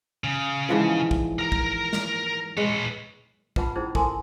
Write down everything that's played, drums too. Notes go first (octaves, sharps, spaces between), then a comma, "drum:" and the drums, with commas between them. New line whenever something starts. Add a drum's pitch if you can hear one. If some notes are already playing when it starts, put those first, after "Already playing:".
C#3
G#2 E3 F3
drum: kick
A#4 A#5
drum: kick
drum: snare
G#3 B4 C#5
F4 B4 F#5 A5 B5, drum: kick
C#4 D#4 E4 G#4 C5
A4 A#4 G#5 A5 C6, drum: kick